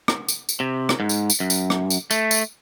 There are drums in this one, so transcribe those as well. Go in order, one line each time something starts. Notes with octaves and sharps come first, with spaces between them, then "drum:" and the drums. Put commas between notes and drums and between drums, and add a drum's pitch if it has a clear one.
drum: rim click
drum: tambourine
drum: tambourine
C3
drum: rim click
G#2
drum: tambourine
drum: tambourine
F#2
drum: tambourine
drum: rim click
drum: tambourine
A3, drum: tambourine
drum: tambourine